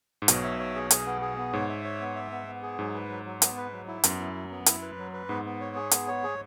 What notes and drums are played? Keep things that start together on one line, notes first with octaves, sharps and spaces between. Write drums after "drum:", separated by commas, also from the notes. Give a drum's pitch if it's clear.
G#2
B1 B2 C#5, drum: hi-hat
E5
C#5
G#4
G#4, drum: hi-hat
B3
G#4
B3
G#2 C#5
E5
C#5
B3
E5
B3
B3
G#4
G#2 F#3
B4
F#3
F#3
B3, drum: hi-hat
B4
F#3
E4
F#2 B3, drum: hi-hat
E4
F#3
B3
E4, drum: hi-hat
B4
F#3
B4
G#2 B3
B3
C#5
G#4
B3, drum: hi-hat
C#5
G#4